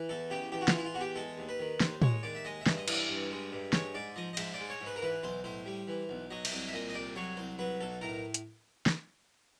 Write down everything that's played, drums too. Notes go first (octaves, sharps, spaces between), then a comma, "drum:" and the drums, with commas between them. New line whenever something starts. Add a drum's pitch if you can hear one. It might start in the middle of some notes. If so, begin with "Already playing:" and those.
Already playing: E3
E2 A4
C#3 G4
E2 G4
F#4
F4, drum: snare
E3 E4
F4
E2 F#4
G4
G#3 A4
D#2
B4
D#3
D#2 C5, drum: snare
G#3 C#5, drum: tom A2
D#2 D5
E5
G#3 D#5
E5
G2, drum: snare
D#5
E3 D5, drum: cymbal
G2
G#3
G2
G#3 C#5, drum: snare
G#2 D5
F3 D#5
D#5
G#2 E5, drum: cymbal
D5
G#3
C#5
G#2
B4
A#4
E3 B4
B1 C5
A2 C5
G3
E3
B1
F#3 D#5
E5, drum: cymbal
C2 D#5
E5
A#2 D#5
D#5
C2 D5
F#3 C#5
C2 C5
F#3 B4
B1 A4
A2 A#4
drum: hi-hat
drum: snare